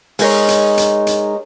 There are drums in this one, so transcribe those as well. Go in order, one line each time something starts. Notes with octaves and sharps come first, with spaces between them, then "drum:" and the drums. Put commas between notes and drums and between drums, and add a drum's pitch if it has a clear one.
G#3 D#4 A#4 C#5, drum: open hi-hat
drum: hi-hat
drum: hi-hat
drum: hi-hat